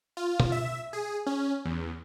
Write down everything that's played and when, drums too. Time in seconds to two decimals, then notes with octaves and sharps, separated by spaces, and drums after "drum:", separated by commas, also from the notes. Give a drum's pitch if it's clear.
0.17 F4
0.40 drum: tom B2
0.52 E5
0.93 G#4
1.26 C#4
1.65 E2